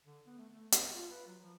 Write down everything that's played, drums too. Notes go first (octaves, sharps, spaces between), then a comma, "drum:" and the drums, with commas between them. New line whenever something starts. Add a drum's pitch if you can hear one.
D3
B3
A3
A3
B4, drum: hi-hat
F4
B4
F#3
F3